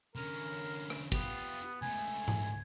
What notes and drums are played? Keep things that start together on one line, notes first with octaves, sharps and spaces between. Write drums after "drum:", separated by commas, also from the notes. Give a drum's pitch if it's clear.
D3 C#4 A#4
drum: rim click
B3 F4 G4, drum: kick
C#2 A3 G#5
drum: tom G#2